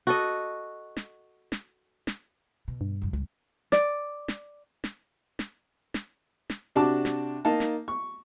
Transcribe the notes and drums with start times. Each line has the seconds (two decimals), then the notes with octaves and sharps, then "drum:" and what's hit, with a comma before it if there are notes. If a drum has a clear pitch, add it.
0.07 F#4 A4 D#5
0.96 drum: snare
1.52 drum: snare
2.07 drum: snare
2.68 B2
2.81 G2
3.02 C2 F2
3.13 C#2 G2
3.72 D5, drum: snare
4.28 drum: snare
4.84 drum: snare
5.39 drum: snare
5.94 drum: snare
6.50 drum: snare
6.75 C3 D4 F#4 A5 D6
7.05 drum: snare
7.45 A#3 D#4 A5
7.60 drum: snare
7.88 C#6